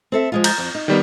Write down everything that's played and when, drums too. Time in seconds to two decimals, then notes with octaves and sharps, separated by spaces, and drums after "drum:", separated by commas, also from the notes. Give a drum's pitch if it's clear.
0.12 C4 A4 E5
0.32 F3 G#3 F4
0.44 A#5 G6 A6, drum: cymbal
0.58 F2
0.75 D#4
0.88 D#3 G3 B3